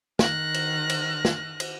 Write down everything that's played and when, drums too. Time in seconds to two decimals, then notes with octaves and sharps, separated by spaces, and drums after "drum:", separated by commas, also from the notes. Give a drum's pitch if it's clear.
0.19 D#3 F6 F#6 A#6, drum: snare
0.54 drum: cymbal
0.90 drum: cymbal
1.25 drum: snare
1.60 drum: cymbal